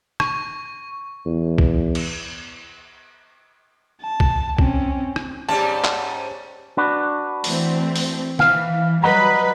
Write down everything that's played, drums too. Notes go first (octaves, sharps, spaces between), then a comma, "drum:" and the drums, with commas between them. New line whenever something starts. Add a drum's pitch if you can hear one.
C#6, drum: rim click
E2
drum: kick
drum: cymbal
A5
drum: kick
C4 C#4, drum: kick
drum: rim click
G#2 G3 C#4 A5
drum: clap
D4 F#4 B4
E3 A3 C4, drum: open hi-hat
drum: open hi-hat
E3 F5, drum: snare
F#3 G3 B4 D#5 F#5 A#5